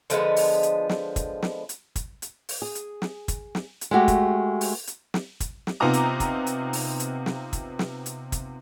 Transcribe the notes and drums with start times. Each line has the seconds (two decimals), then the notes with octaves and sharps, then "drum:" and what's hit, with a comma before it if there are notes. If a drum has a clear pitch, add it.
0.10 D3 F3 G#3 B3, drum: hi-hat
0.36 drum: open hi-hat
0.63 drum: hi-hat
0.89 drum: snare
1.16 drum: kick, hi-hat
1.42 drum: snare
1.69 drum: hi-hat
1.96 drum: kick, hi-hat
2.22 drum: hi-hat
2.49 drum: open hi-hat
2.62 G#4
2.75 drum: hi-hat
3.02 drum: snare
3.28 drum: kick, hi-hat
3.55 drum: snare
3.81 drum: hi-hat
3.91 G#3 A3 F#4 G4
4.08 drum: kick, hi-hat
4.61 drum: open hi-hat
4.87 drum: hi-hat
5.14 drum: snare
5.40 drum: kick, hi-hat
5.67 drum: snare
5.80 C3 B3 D#4 F4 A#5 D6
5.93 drum: hi-hat
6.20 drum: kick, hi-hat
6.47 drum: hi-hat
6.73 drum: open hi-hat
7.00 drum: hi-hat
7.26 drum: snare
7.53 drum: kick, hi-hat
7.79 drum: snare
8.06 drum: hi-hat
8.32 drum: kick, hi-hat